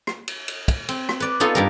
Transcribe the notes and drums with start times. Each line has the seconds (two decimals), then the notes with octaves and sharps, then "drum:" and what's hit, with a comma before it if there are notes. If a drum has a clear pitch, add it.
0.07 drum: rim click
0.28 drum: cymbal
0.48 drum: cymbal
0.68 drum: kick, cymbal
0.89 C4, drum: cymbal
1.09 drum: rim click
1.20 B4 D5
1.40 B3 D#4 F4 A4
1.55 G2 G3 A#4